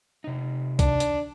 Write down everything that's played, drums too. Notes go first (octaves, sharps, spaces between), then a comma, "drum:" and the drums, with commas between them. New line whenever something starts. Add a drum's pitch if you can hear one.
C3 D#4
D4, drum: kick C2, hi-hat
drum: hi-hat